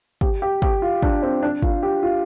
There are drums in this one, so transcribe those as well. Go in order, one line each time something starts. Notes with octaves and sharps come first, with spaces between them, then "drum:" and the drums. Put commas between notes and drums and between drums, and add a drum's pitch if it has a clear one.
G4, drum: kick
G4
G4, drum: kick
F4
D4, drum: kick
C4
D4
F4, drum: kick
G4
F4